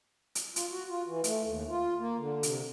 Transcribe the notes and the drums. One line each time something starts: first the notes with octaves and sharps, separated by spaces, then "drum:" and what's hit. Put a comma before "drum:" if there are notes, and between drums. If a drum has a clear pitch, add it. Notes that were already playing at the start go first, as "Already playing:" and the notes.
drum: hi-hat
F4, drum: hi-hat
F#4
F4
E3
A3, drum: hi-hat
D#2
F4
A#3
D3
C3, drum: hi-hat